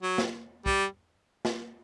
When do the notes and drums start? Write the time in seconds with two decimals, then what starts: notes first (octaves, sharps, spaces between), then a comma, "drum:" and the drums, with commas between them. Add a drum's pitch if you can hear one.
0.03 F#3
0.18 drum: snare
0.66 G3, drum: kick
1.45 drum: snare